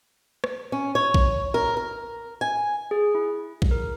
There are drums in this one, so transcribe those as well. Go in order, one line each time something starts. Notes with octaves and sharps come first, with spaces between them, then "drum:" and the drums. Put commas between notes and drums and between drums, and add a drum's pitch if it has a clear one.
drum: rim click
C#4
C#5
drum: kick A#1
A#4
A#4
G#5
G#4
E4
drum: kick A#1
A#4